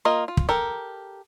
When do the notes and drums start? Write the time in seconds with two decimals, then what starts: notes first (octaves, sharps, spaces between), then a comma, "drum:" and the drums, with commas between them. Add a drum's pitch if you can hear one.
0.05 A#3 F4 A#4 D#5
0.28 F4
0.37 drum: kick
0.49 G4 A4 A#4